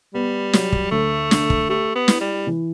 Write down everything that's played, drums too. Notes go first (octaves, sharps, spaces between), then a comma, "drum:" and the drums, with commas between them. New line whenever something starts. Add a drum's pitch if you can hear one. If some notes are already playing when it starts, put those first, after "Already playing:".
G3 B3
F#3, drum: snare
drum: kick
D2 A3
D3, drum: snare
drum: kick
A3 G4
B3
E4, drum: snare
G3
E3